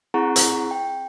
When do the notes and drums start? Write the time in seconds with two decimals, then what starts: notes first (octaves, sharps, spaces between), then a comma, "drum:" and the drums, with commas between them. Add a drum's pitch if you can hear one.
0.14 C4 E4 G#4 F#5 A#5 C#6
0.36 drum: hi-hat
0.71 G5